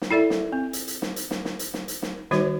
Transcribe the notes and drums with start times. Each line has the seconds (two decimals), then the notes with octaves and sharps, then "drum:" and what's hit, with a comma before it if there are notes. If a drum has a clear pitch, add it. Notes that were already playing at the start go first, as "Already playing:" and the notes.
0.02 drum: snare
0.11 E4 A4 D5 E5
0.30 drum: snare
0.53 C4
0.73 drum: hi-hat
0.88 drum: hi-hat
1.02 drum: snare
1.16 drum: hi-hat
1.31 drum: snare
1.45 drum: snare
1.59 drum: hi-hat
1.74 drum: snare
1.88 drum: hi-hat
2.02 drum: snare
2.31 D#3 G3 D#4 F#4 C5 C#5, drum: snare